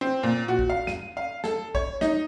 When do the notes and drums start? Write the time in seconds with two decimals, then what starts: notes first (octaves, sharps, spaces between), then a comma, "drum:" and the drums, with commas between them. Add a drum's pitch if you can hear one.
0.01 C4
0.23 A#2
0.48 F#4
0.59 drum: kick
0.69 F5
0.87 D#7, drum: snare
1.17 F5
1.44 A4, drum: snare
1.75 C#5, drum: kick
2.01 D#4, drum: snare